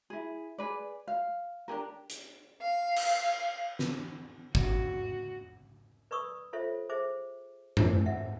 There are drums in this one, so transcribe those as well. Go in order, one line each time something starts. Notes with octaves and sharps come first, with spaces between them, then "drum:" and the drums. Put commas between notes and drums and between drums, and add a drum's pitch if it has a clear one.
E4 G#4
G#4 B4 D5
F5
D4 G4 G#4 A#4
drum: hi-hat
F5
drum: cymbal
drum: snare
F#4, drum: kick
B4 D5 B5 C#6 D#6 E6
F4 A4 C5 C#5 E5
G#4 C5 E5 D6
drum: tom
E5 F#5